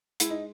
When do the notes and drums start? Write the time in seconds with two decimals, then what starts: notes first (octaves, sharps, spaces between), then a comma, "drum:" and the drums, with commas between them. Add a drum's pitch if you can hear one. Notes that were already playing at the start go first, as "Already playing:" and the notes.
0.20 G#3 E4, drum: hi-hat
0.30 D#4